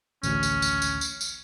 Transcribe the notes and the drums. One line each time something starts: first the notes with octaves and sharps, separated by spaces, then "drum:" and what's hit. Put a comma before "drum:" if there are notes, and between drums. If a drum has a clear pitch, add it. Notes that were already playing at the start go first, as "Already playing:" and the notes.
A1 D2 C#4, drum: tambourine
drum: tambourine
drum: tambourine
drum: tambourine
drum: tambourine
drum: tambourine